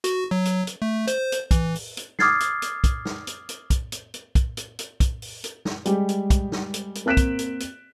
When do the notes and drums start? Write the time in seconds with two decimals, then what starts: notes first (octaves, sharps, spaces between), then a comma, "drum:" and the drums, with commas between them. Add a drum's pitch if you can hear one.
0.04 F#4, drum: hi-hat
0.31 F#3
0.45 drum: hi-hat
0.67 drum: hi-hat
0.82 A3
1.07 C5, drum: hi-hat
1.32 drum: hi-hat
1.51 E3, drum: kick, hi-hat
1.75 drum: open hi-hat
1.97 drum: hi-hat
2.19 D6 D#6 F6 G#6 A6 C7, drum: snare
2.40 drum: hi-hat
2.62 drum: hi-hat
2.84 drum: kick, hi-hat
3.05 drum: snare
3.27 drum: hi-hat
3.49 drum: hi-hat
3.70 drum: kick, hi-hat
3.92 drum: hi-hat
4.14 drum: hi-hat
4.35 drum: kick, hi-hat
4.57 drum: hi-hat
4.79 drum: hi-hat
5.00 drum: kick, hi-hat
5.22 drum: open hi-hat
5.44 drum: hi-hat
5.65 drum: snare
5.85 G3 G#3 G4, drum: hi-hat
6.09 drum: hi-hat
6.30 drum: kick, hi-hat
6.52 drum: snare
6.74 drum: hi-hat
6.95 drum: hi-hat
7.06 A#3 C4 F#6 B6 D7 E7
7.17 drum: kick, hi-hat
7.39 drum: hi-hat
7.60 drum: hi-hat